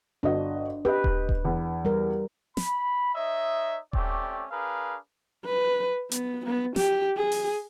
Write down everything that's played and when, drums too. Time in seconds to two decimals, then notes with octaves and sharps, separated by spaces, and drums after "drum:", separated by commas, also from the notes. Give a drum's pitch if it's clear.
0.23 G1 D4 F#4 D#5
0.85 G4 B4 D#5
1.04 drum: kick D#1
1.29 drum: kick D#1
1.45 E2
1.85 G3 A#4
2.57 B5, drum: snare
3.15 D#4 C#5 D#5 E5
3.93 A3 C4 C#4 G4 D5, drum: kick D#1
4.51 D4 G#4 A#4 B4 F5
5.45 B4
6.11 B3, drum: hi-hat
6.46 B3
6.76 G4, drum: snare
7.17 G#4
7.32 drum: open hi-hat